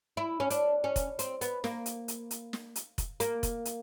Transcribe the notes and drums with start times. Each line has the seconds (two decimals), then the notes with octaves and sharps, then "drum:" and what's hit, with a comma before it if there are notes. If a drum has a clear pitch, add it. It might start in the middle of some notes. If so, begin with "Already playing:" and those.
0.17 E4
0.40 C#4
0.50 D4, drum: hi-hat
0.84 C#4
0.96 drum: kick F1, hi-hat
1.19 C4, drum: hi-hat
1.41 B3, drum: hi-hat
1.64 A#3, drum: snare
1.86 drum: hi-hat
2.08 drum: hi-hat
2.31 drum: hi-hat
2.53 drum: snare
2.76 drum: hi-hat
2.98 drum: kick F1, hi-hat
3.20 A#3, drum: hi-hat
3.43 drum: kick F1, hi-hat
3.65 drum: hi-hat